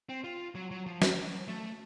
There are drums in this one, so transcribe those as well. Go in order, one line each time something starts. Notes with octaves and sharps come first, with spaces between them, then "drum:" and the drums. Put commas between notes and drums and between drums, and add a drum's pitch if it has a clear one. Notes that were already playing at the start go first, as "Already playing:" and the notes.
C4
F4
F#3
F#3
F3
F#3, drum: snare
A3